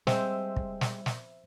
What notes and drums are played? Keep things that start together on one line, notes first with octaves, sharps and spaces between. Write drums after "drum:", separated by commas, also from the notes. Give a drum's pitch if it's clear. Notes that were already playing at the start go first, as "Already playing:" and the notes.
G3 G#3 C4 C5 E5 E6, drum: snare
drum: kick
drum: snare
drum: snare